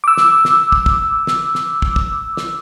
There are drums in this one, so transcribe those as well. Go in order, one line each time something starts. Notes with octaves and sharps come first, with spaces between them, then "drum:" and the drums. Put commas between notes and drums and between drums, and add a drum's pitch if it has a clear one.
D6 E6
drum: snare
drum: snare
drum: kick
drum: kick
drum: snare
drum: snare
drum: kick
drum: kick
drum: snare